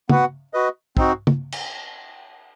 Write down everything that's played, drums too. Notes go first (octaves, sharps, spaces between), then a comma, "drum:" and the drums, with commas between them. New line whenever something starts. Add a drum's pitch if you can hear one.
B3 F#4 B4 F#5, drum: tom
F#4 B4 D#5
C4 D#4 F#4, drum: kick
drum: tom
drum: cymbal